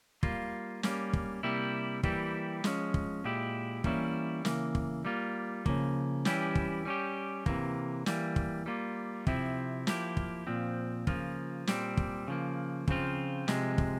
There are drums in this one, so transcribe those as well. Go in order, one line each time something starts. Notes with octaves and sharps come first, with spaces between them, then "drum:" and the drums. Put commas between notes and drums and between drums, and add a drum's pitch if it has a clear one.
G3 A#3 F4, drum: kick
G3 A#3 C#4, drum: snare
drum: kick
C3 G3 A#3 E4 G4
E3 G3 A#3 E4 G4, drum: kick
F3 G#3 C#4, drum: snare
drum: kick
A#2 G#3 E4 G4
E3 G3 A#3 C#4 E4, drum: kick
C#3 E3 A#3, drum: snare
drum: kick
G3 A#3 F4
C#3 F3 A#3, drum: kick
E3 G3 C#4 E4 G4, drum: snare
drum: kick
G3 C#4 G4
C3 E3 A#3, drum: kick
E3 G3 A#3, drum: snare
drum: kick
G3 A#3 F4
C3 F3 C4 E4, drum: kick
F3 A#3 E4 G4, drum: snare
drum: kick
A#2 F3 C4
C#3 F3 A#3 F4, drum: kick
A#2 G3 C4, drum: snare
drum: kick
C#3 F3 A#3
C#3 F3 C4 F4, drum: kick
C3 F3 G#3, drum: snare
drum: kick